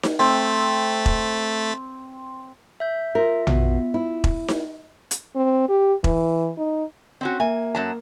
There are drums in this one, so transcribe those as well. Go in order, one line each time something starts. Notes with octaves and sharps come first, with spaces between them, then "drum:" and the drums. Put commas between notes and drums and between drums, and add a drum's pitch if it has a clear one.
drum: snare D#4
A3 C4 A6 B6
drum: kick E1
E5 G6
F4 A#4 E5
B2, drum: tom A#1
E4
drum: kick E1
drum: snare D#4
drum: hi-hat
C4
G4
E3, drum: kick E1
D#4
C4 C#4 F#4
A#3 E5 G#5
F#2 F#3 A5